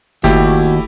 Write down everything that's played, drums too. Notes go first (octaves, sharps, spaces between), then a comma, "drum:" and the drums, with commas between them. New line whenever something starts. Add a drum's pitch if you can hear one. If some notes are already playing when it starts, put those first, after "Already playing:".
D#2 A3 E4 F#4 G4, drum: kick F#1